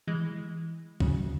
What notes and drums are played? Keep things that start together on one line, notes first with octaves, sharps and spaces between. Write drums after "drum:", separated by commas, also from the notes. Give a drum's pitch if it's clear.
E3 G#3
C#3 F#3, drum: kick